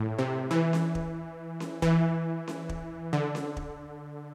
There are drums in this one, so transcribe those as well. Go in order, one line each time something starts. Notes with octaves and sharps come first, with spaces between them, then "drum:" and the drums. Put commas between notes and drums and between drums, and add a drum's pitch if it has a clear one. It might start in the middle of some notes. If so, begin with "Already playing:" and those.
Already playing: A2
C3
E3
drum: snare C#4
drum: kick
drum: snare C#4
E3, drum: kick
drum: snare C#4
drum: kick
D3
drum: snare C#4
drum: kick